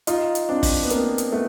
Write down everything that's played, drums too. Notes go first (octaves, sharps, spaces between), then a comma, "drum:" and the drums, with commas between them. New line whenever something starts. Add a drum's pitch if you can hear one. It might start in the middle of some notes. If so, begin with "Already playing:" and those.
D#4 F4, drum: hi-hat
drum: hi-hat
C4 D4
drum: kick, open hi-hat
B3
A#3 C4, drum: hi-hat
drum: hi-hat
A3 B3